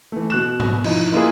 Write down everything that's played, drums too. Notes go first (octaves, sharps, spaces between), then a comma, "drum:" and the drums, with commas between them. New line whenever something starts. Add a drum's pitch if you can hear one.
E3 A3
B2 F#6 E7
drum: tom G#2
F3 D#4 E4, drum: cymbal
A#3 E4 F4 G#4